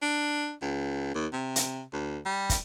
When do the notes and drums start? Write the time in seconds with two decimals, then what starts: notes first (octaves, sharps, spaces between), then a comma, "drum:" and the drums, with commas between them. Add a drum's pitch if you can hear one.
0.02 D4
0.62 C#2
1.15 D#2
1.33 C3
1.56 drum: hi-hat
1.93 D2
2.26 G3
2.50 drum: kick, hi-hat